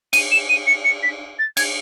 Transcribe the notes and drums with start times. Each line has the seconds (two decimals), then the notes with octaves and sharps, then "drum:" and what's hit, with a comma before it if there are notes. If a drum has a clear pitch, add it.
0.13 D#7, drum: cymbal
0.31 E7
0.49 D#7
0.67 C#7
0.84 C#7
1.03 B6
1.39 A6
1.57 G#6, drum: cymbal